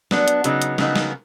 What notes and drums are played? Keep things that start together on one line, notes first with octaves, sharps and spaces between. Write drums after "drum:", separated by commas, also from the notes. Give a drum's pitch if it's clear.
F#3 B3 D4, drum: snare
drum: hi-hat
C#3 F#3 B3 D#4, drum: hi-hat
drum: hi-hat
C#3 F#3 B3 D#4, drum: snare
drum: snare